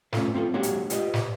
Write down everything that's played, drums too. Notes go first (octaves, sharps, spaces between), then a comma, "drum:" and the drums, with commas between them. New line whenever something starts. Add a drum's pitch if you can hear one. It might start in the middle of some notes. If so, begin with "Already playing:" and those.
A3 C#4 D#4 F4 A4 B4, drum: snare
C4 F4 G#4 A4
G#3 A#3 D4 F#4 G4 C#5
drum: hi-hat
F4 G4 B4 D#5, drum: hi-hat
drum: snare